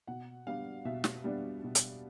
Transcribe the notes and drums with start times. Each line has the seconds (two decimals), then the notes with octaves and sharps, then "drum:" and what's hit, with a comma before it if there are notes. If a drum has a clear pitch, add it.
0.07 B2 F#5
0.47 G3 B3 D4 F5
0.85 B2 E5
1.04 drum: snare
1.24 G3 B3 D4
1.64 B2
1.75 drum: hi-hat